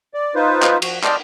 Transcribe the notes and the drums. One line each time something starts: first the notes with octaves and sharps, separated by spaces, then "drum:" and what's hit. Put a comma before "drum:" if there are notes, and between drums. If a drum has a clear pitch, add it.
D5
D#4 F4 B4 C5
drum: clap
F3 F#4, drum: cymbal
D5 D#5 G5 A5 C6 F6, drum: clap